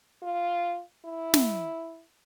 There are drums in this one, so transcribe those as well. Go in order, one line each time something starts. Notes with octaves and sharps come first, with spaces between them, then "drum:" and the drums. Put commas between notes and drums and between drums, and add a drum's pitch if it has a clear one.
F4
E4
drum: snare